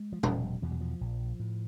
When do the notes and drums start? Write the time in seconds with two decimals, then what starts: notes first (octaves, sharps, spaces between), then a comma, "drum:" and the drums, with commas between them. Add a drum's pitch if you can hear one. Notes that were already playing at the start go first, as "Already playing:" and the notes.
Already playing: G#3
0.12 F3
0.23 E1 F#3, drum: tom
0.62 E2 B2 F3
0.71 F#3
0.81 F3
1.01 A#1
1.40 A2